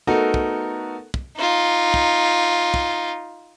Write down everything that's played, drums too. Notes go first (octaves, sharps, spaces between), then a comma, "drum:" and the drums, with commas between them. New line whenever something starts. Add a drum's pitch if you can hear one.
A3 B3 D#4 F#4 A4 A#4
drum: kick
drum: kick
D#4 F4
drum: kick
drum: kick